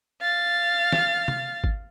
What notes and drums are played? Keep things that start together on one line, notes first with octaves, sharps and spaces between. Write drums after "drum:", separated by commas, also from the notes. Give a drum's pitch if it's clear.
F5 A6
drum: snare
drum: tom
drum: kick G#1